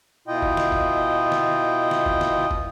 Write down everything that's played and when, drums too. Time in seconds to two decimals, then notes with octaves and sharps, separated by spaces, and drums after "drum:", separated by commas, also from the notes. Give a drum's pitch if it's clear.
0.28 B2 E4 F4 D#5 G5
0.42 drum: kick
0.57 drum: snare
0.72 drum: kick
1.32 drum: snare
1.91 drum: snare
2.06 drum: kick
2.21 drum: snare
2.51 drum: kick